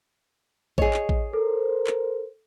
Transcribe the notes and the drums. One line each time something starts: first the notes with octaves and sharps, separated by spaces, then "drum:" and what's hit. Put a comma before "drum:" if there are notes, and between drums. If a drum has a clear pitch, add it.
G#4 C#5 D#5, drum: kick A1
drum: clap
drum: kick A1
A4 A#4 C5
drum: clap